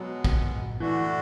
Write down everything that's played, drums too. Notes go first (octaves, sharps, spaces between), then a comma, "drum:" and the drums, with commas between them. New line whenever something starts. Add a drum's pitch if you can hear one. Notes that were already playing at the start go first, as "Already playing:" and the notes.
Already playing: B2 F#3 G#3 B3
drum: kick
D3 E3 A3 D4 F#4